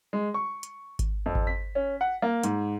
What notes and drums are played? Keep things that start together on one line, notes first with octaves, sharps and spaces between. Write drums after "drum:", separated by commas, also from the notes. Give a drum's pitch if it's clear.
G#3
C#6
drum: hi-hat
drum: kick G#1, hi-hat
F2
drum: kick G#1
B6
C#4
F#5
A#3
G#2, drum: hi-hat